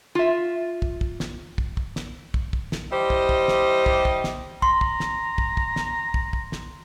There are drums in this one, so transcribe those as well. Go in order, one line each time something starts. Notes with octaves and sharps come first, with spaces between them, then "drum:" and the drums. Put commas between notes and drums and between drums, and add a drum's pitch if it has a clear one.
F4 E5
drum: kick
drum: kick
drum: snare
drum: kick
drum: kick
drum: snare
drum: kick
drum: kick
drum: snare
G3 E4 G4 C5 D#5
drum: kick
drum: kick
drum: snare
drum: kick
drum: kick
drum: snare
A#5 C6, drum: kick
drum: kick
drum: snare
drum: kick
drum: kick
drum: snare
drum: kick
drum: kick
drum: snare